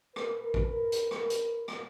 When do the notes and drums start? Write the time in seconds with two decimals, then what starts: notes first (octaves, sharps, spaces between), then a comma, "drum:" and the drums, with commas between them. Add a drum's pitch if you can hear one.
0.16 A#4 B4, drum: rim click
0.54 drum: kick
0.92 drum: hi-hat
1.11 drum: rim click
1.30 drum: hi-hat
1.68 drum: rim click